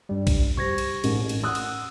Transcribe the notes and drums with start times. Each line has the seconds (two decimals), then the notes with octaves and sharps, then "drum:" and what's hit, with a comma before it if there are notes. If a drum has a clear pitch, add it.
0.09 G2 G3
0.27 drum: kick A#1, cymbal
0.57 G4 C5 C#6 G#6 A#6
0.78 drum: cymbal
1.04 A1 G#2 A#4, drum: cymbal
1.20 A1
1.29 drum: cymbal
1.44 F#5 D#6 E6 F#6
1.55 drum: cymbal